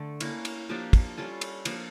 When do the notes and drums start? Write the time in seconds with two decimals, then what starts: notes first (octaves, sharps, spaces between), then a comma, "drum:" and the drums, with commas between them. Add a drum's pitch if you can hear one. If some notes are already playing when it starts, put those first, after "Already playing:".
Already playing: D3 A3 A4
0.20 A#3 C#4 E4, drum: cymbal
0.45 drum: cymbal
0.69 F3 A#3 D4 G4
0.93 drum: kick, cymbal
1.17 G3 C#4 F4 A4
1.41 drum: cymbal
1.65 F3 A#3 D4, drum: cymbal